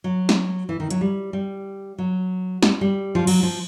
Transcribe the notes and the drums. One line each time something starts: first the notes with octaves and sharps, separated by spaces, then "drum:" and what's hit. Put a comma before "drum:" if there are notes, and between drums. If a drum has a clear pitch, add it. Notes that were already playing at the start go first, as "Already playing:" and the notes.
F#3
drum: snare
E3
D#3
F#3, drum: hi-hat
G3
G3
F#3
G3, drum: snare
G3
F3
F#3, drum: cymbal
F3